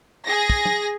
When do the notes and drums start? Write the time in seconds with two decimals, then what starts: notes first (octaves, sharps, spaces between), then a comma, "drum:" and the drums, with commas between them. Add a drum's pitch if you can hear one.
0.24 G#4 A#6
0.50 drum: kick
0.66 drum: tom